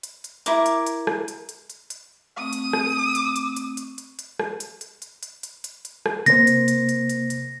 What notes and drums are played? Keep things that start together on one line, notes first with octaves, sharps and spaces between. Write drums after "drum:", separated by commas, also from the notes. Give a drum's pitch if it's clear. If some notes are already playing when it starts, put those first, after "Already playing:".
drum: hi-hat
drum: hi-hat
E4 A#4 D6, drum: hi-hat
drum: hi-hat
drum: hi-hat
drum: rim click
drum: hi-hat
drum: hi-hat
drum: hi-hat
drum: hi-hat
A3 C4 C#6 D#6
drum: hi-hat
drum: rim click
drum: hi-hat
drum: hi-hat
drum: hi-hat
drum: hi-hat
drum: hi-hat
drum: hi-hat
drum: rim click
drum: hi-hat
drum: hi-hat
drum: hi-hat
drum: hi-hat
drum: hi-hat
drum: hi-hat
drum: hi-hat
drum: rim click
C3 A#3 C5 A#6, drum: hi-hat
drum: hi-hat
drum: hi-hat
drum: hi-hat
drum: hi-hat
drum: hi-hat